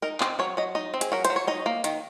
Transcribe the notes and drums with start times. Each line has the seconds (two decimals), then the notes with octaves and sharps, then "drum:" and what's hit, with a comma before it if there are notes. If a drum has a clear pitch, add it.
0.02 D#4 A#4
0.20 C4 C5, drum: clap
0.39 F#3 C#5
0.57 F#3 D#5
0.75 D#4 D#5
0.94 C4
1.01 G#4, drum: hi-hat
1.12 F#3 A#4
1.25 C5, drum: hi-hat
1.30 F#3
1.36 C#5
1.47 D#4 D#5
1.66 A#3
1.84 D#3, drum: hi-hat